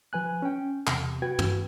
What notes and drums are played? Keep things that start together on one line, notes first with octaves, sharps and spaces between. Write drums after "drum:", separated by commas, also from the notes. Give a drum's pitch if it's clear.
F3 B4 G#5 F#6
C#4 G5
E2 C3, drum: clap
F#4 B4 G5 G#6
drum: tom